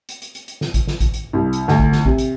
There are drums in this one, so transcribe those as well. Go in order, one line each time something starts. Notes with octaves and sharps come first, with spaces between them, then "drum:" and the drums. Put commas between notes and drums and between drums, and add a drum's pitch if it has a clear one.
drum: hi-hat
drum: hi-hat
drum: hi-hat
drum: hi-hat
drum: snare
drum: kick A1, hi-hat
drum: snare
drum: kick A1, hi-hat
drum: hi-hat
C2
drum: hi-hat
D2, drum: snare
drum: kick A1
drum: snare
C3, drum: kick A1
drum: hi-hat